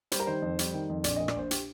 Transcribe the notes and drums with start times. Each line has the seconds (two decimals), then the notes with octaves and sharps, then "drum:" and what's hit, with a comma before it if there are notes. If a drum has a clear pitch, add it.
0.12 G3 C5, drum: hi-hat
0.20 A#4
0.27 D#3 C5
0.42 F2
0.59 G3, drum: hi-hat
0.74 D#3
0.89 F2
1.04 A#1 D5, drum: hi-hat
1.16 D#5
1.20 A#2
1.28 D5, drum: rim click
1.36 A#1 C5
1.51 G4, drum: hi-hat